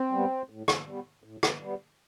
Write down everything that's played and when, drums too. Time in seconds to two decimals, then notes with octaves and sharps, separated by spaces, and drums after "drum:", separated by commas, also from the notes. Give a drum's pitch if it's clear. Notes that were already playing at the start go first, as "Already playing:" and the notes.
Already playing: C4
0.12 G3 B3
0.50 A2
0.68 drum: rim click
0.86 G3 B3
1.24 A2
1.43 drum: rim click
1.61 G3 B3